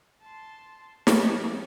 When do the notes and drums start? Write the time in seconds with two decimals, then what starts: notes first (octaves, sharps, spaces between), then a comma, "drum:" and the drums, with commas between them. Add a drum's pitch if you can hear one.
0.22 A5 C6
1.07 F3 A#3 E4 F4, drum: snare